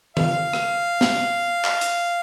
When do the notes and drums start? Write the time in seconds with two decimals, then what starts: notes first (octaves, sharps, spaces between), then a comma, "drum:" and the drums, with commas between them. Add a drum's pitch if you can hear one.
0.17 F5, drum: tom D#3
0.53 drum: rim click
1.01 drum: snare
1.65 drum: clap
1.81 drum: hi-hat